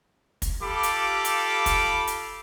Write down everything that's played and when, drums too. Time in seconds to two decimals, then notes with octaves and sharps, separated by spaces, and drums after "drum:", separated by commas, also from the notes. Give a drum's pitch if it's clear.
0.42 drum: kick, hi-hat
0.63 F4 G4 A4 F5 B5 D6
0.83 drum: hi-hat
1.25 drum: hi-hat
1.66 drum: kick, hi-hat
2.07 drum: hi-hat